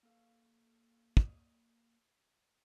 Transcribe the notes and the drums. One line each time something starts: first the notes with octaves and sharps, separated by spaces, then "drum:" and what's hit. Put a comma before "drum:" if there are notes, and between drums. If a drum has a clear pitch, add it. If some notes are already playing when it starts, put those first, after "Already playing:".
A#3 A4 F5
drum: kick